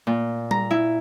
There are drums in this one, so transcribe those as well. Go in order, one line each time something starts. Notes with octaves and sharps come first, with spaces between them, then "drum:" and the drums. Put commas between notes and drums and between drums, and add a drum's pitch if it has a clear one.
A#2
A#5, drum: tom G3
E4